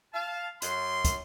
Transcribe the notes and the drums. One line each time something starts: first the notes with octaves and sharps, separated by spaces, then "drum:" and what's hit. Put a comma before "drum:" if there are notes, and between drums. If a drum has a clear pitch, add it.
F5 A5
F#2 C6, drum: hi-hat
drum: kick, hi-hat